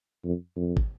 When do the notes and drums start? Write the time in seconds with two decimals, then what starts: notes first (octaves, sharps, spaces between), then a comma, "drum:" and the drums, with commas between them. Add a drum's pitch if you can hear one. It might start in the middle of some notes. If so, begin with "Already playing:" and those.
0.24 F2
0.56 F2
0.77 drum: kick